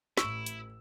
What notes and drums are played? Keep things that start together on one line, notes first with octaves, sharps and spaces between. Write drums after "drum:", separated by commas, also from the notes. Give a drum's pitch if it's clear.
A1 E4 C#6 E6, drum: snare
drum: hi-hat